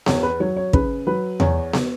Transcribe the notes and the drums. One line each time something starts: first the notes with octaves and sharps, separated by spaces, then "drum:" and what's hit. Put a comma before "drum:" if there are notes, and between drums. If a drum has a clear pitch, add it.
E2 C#5, drum: snare B3
B4
F#3 C#5
C#5
C#3 B4, drum: kick
F#3 B4
E2 C#5, drum: tom E2
drum: snare B3